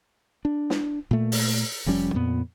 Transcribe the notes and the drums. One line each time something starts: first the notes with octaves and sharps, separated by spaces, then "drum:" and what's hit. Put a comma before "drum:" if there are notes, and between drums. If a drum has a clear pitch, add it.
D4
drum: snare
A#2 A3
drum: open hi-hat
F1 F3 G3 C#4
F2 A#2 B3